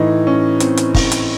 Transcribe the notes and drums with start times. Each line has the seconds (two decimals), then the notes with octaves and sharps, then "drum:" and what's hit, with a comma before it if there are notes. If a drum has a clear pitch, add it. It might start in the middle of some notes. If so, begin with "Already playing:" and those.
Already playing: A2 E3 D#4
0.27 C#4
0.60 C4, drum: hi-hat
0.77 drum: hi-hat
0.94 drum: kick, open hi-hat
1.12 drum: hi-hat